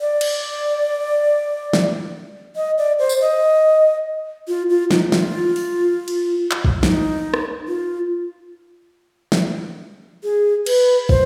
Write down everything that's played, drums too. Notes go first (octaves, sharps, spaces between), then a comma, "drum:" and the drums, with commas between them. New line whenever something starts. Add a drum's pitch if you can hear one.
D5
drum: cymbal
drum: snare
D#5
D5
C5
drum: tambourine
D#5
F4
F4
D#4, drum: snare
F4, drum: snare
drum: open hi-hat
drum: cymbal
drum: clap
drum: kick
D#4, drum: snare
drum: rim click
F4
drum: snare
G#4
B4, drum: cymbal
C5, drum: kick